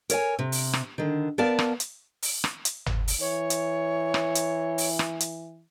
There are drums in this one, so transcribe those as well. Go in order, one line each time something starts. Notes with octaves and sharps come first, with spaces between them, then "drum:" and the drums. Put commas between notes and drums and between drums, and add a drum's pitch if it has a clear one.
A#4 C#5 E5 G#5, drum: hi-hat
C3
drum: open hi-hat
drum: rim click
D3 D#3
B3 A#4 D5 F5 A5
drum: rim click
drum: hi-hat
drum: open hi-hat
drum: rim click
drum: hi-hat
drum: tom
drum: open hi-hat
E3 C#5
drum: hi-hat
drum: rim click
drum: hi-hat
drum: open hi-hat
drum: rim click
drum: hi-hat